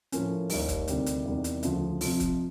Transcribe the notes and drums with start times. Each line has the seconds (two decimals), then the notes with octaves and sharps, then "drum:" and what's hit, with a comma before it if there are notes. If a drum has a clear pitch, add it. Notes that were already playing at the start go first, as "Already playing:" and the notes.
0.12 A2 F3 A#3 C#4, drum: hi-hat
0.50 D#2 D#3 G3, drum: open hi-hat
0.69 drum: kick C#1, hi-hat
0.88 D2 C3 D#3 G3, drum: hi-hat
1.06 drum: hi-hat
1.25 E2 C3 D#3 G3
1.44 drum: hi-hat
1.63 D2 C#3 F3, drum: hi-hat
2.01 F2 C3 F3, drum: open hi-hat
2.20 drum: kick C#1, hi-hat